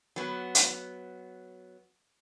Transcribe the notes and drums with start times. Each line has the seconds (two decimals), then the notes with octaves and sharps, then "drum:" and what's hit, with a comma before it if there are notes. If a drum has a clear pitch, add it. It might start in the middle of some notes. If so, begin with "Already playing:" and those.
0.16 F#3 B3
0.55 drum: hi-hat